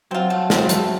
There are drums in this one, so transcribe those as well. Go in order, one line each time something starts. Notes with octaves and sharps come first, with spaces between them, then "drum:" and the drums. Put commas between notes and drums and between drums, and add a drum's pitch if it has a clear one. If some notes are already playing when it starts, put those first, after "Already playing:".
F#3 C4 F4
A3
C4 F4, drum: snare
A3, drum: hi-hat